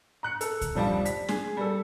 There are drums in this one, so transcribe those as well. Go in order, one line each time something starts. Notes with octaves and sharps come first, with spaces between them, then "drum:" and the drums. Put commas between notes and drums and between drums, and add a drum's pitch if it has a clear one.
A#5 F#6 C#7
A4, drum: hi-hat
drum: kick C#2, hi-hat
F1 F3 G3 D5 A5
B6, drum: hi-hat
G#4, drum: snare
G3 A4